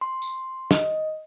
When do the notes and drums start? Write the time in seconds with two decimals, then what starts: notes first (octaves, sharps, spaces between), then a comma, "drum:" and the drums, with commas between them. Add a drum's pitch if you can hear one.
0.01 C6
0.22 drum: tambourine
0.71 D#5, drum: snare